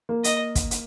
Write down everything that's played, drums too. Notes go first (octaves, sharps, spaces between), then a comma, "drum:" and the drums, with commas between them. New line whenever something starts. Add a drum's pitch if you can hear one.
A#3
D#5, drum: hi-hat
drum: kick, hi-hat
drum: hi-hat